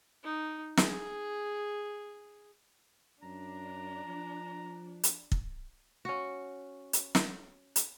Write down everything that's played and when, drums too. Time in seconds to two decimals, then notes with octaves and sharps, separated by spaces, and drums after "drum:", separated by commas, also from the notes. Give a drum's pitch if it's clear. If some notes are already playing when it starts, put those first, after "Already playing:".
0.24 D#4
0.77 G#4, drum: snare
3.23 F#2 D4 A#5
4.04 F3
5.04 drum: hi-hat
5.32 drum: kick
6.05 C#4 F#4
6.93 drum: hi-hat
7.15 drum: snare
7.76 drum: hi-hat